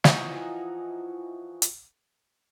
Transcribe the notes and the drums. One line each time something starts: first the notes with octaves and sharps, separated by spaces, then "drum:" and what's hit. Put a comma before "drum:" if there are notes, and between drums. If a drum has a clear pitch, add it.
E3 F3 D#4 F#4, drum: snare
drum: hi-hat